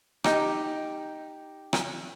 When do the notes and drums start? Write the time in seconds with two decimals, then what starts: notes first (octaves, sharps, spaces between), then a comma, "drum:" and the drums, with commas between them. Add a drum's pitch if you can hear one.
0.24 D#4 G4, drum: rim click
1.73 drum: rim click